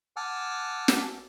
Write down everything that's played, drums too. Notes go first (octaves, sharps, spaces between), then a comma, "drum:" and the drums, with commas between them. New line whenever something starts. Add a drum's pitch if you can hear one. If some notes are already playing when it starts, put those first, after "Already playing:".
F#5 G#5 A5 D6 E6 F6
drum: snare